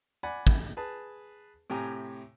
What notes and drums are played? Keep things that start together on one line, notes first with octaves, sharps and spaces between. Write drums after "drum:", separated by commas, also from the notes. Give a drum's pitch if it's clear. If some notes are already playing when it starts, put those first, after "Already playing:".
D5 F#5 G#5 B5
drum: kick
G#4 B4 A5
A2 C3 G4 G#5 A#5